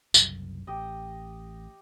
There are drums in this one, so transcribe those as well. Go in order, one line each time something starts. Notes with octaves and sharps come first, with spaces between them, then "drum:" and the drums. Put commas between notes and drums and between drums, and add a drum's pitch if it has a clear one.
F#1 C2 F#2, drum: tambourine
A1 G4 D#5